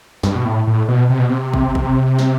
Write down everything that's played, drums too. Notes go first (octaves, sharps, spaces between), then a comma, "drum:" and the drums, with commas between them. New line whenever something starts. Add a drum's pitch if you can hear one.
G2, drum: snare
B2
A2
A2
B2
C3
B2
C3
drum: kick
drum: kick
drum: snare